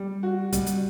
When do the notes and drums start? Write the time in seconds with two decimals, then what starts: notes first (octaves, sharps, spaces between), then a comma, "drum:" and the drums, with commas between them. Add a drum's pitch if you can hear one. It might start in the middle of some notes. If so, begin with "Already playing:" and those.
Already playing: G3
0.23 F#4
0.53 G3, drum: kick, hi-hat
0.67 drum: hi-hat